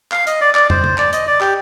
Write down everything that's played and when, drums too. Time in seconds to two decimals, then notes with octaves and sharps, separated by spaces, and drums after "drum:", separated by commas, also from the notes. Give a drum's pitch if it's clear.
0.12 F5, drum: clap
0.27 D#5, drum: hi-hat
0.41 D5
0.55 D5, drum: clap
0.70 C5, drum: tom
0.84 drum: tom
0.98 D5, drum: clap
1.13 D#5, drum: hi-hat
1.27 D5
1.41 G4, drum: clap